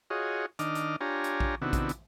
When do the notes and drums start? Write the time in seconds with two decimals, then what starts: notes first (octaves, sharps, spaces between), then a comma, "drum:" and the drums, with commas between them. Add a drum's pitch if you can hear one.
0.10 F4 F#4 G#4 C#5 D#5
0.59 D#3 D4 D#5 D6 F6, drum: hi-hat
0.75 drum: hi-hat
1.01 D4 F4 G4 C#5 G#5 A#5
1.24 drum: hi-hat
1.40 drum: kick A#1
1.62 C3 D#3 B3 D4 E4 F#4
1.73 drum: kick A#1, hi-hat
1.89 drum: hi-hat